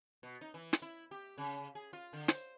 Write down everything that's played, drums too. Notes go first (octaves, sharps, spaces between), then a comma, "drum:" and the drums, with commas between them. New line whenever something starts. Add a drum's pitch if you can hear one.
B2
D#4
E3
drum: snare
E4
G4
C#3
G#4
F4
D3
C5, drum: snare